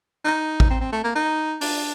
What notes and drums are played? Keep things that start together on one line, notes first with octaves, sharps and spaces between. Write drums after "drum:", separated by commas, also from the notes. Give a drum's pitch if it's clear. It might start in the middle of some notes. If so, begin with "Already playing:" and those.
D#4
drum: kick
C4
C4
A3
A#3
D#4
D4, drum: open hi-hat